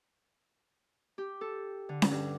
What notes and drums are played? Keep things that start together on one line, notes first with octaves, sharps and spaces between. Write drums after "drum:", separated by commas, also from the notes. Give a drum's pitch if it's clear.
G4
A4
D3
drum: snare C#4
G2